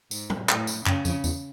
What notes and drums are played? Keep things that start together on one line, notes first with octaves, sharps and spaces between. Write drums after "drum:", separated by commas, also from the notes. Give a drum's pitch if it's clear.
G#2, drum: tambourine
drum: tom
A2, drum: clap
drum: tambourine
F#2 C#3, drum: clap
F2, drum: tambourine
E2, drum: tambourine